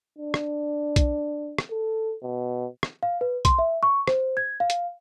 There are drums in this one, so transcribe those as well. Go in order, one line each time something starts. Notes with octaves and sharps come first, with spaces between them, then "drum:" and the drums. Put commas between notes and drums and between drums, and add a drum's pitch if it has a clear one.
D4
drum: rim click
drum: kick, hi-hat
drum: rim click
A4
B2
drum: rim click
F5
B4
C6, drum: kick, hi-hat
E5
C#6
C5, drum: rim click
G#6
F5
drum: hi-hat